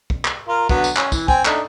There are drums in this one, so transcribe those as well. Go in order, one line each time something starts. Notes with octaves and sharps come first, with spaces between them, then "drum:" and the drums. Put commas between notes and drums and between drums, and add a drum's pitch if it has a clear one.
drum: kick
drum: clap
F4 A#4
D3 F#3 B3, drum: kick
drum: tambourine
C#4, drum: clap
E3, drum: kick, tambourine
C4 G5 G#5, drum: kick
A3 D4 D#4, drum: clap